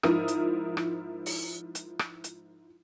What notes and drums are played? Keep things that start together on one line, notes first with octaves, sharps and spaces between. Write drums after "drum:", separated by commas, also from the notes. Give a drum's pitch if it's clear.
G#2 F3 E4 A#4 D#6, drum: rim click
drum: hi-hat
drum: rim click
drum: open hi-hat
drum: hi-hat
drum: rim click
drum: hi-hat